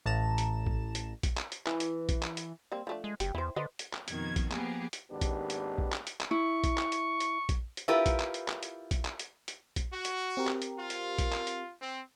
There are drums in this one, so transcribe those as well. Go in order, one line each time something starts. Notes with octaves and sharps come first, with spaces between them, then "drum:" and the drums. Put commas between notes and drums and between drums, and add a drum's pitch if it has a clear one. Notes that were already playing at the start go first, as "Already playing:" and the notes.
A1 A5 A#5 E7
drum: hi-hat
drum: kick A#1
drum: hi-hat
drum: kick A#1, hi-hat
drum: clap
drum: hi-hat
E3, drum: clap
drum: hi-hat
drum: kick A#1, hi-hat
drum: clap
drum: hi-hat
G3 A#3 C4
F3 A3 D4
G#3
F#1 G4, drum: hi-hat
E2 E4 C5
D3 B4 C5 D#5
drum: hi-hat
drum: clap
F2 B2 D#3 G#6, drum: hi-hat
drum: kick A#1, hi-hat
F3 A#3 B3 G4 G#4, drum: clap
drum: hi-hat
G#1 D#2 B3 D4 G4
drum: kick A#1, hi-hat
drum: hi-hat
drum: kick A#1
drum: clap
drum: hi-hat
drum: clap
E4 C#6
drum: kick A#1, hi-hat
drum: clap
drum: hi-hat
drum: hi-hat
drum: kick A#1, hi-hat
drum: hi-hat
E4 F4 G4 A#4 B4
drum: kick A#1, hi-hat
drum: clap
drum: hi-hat
drum: clap
drum: hi-hat
drum: kick A#1, hi-hat
drum: clap
drum: hi-hat
drum: hi-hat
drum: kick A#1, hi-hat
F#4
drum: hi-hat
C4 G4 A#4
drum: clap
drum: hi-hat
F4
drum: hi-hat
drum: kick A#1, hi-hat
drum: clap
drum: hi-hat
C4